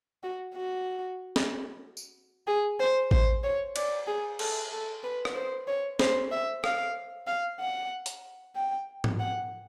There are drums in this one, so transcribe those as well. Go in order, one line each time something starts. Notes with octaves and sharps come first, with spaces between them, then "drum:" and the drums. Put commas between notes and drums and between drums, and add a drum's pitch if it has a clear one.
F#4
F#4
drum: snare
drum: tambourine
G#4
C5
C5, drum: kick A1
C#5
D5, drum: cymbal
G#4
A4, drum: cymbal
A4
B4
drum: rim click
C5
C#5
C5, drum: snare
E5
F5, drum: rim click
F5
F#5
drum: hi-hat
G5
drum: tom G#2
F#5